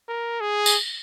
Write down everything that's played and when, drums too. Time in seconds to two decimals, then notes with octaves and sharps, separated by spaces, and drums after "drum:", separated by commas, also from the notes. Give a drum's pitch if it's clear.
0.08 A#4
0.41 G#4
0.66 drum: tambourine